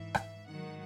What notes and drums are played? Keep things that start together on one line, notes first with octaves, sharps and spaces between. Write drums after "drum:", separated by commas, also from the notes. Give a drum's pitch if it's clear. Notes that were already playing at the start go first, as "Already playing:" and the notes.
Already playing: G#2 E3 E5
drum: rim click
G#2 D#3 F#3 F#5